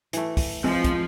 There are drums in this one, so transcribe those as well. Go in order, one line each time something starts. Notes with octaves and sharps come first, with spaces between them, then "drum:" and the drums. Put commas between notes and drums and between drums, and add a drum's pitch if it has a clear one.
E3 A3, drum: hi-hat
drum: kick, open hi-hat
F3 G#3 C4
drum: kick, hi-hat